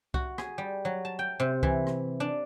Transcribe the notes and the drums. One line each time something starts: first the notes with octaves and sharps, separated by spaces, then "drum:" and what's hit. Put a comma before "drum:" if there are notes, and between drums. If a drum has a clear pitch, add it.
F#4, drum: kick C2
G#4, drum: rim click
G3
F#3
A5
G5
C3
E3, drum: kick C2
drum: rim click
D4